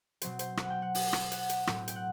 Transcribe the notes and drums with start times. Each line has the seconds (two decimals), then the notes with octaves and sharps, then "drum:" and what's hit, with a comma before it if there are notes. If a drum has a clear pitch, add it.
0.22 B2 F#3 C4 C5, drum: hi-hat
0.39 C5, drum: hi-hat
0.57 F#5, drum: rim click
0.70 G5
0.82 F#5
0.95 drum: open hi-hat
1.13 drum: rim click
1.32 F#5, drum: hi-hat
1.49 drum: hi-hat
1.67 A2 F#3 C4, drum: rim click
1.88 G5, drum: hi-hat
1.96 F#5